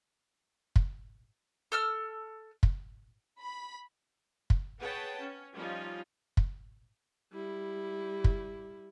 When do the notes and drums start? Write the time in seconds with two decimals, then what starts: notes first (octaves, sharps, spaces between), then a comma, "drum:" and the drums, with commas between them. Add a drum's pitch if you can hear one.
0.76 drum: kick
1.72 A4 E6 F6
2.63 drum: kick
3.41 B5
4.50 drum: kick
4.81 G#4 B4 C#5 F#5 G5 A5
5.21 C#4
5.55 F3 G3 C#4 D#4 F4
6.37 drum: kick
7.33 G3 E4
8.24 drum: kick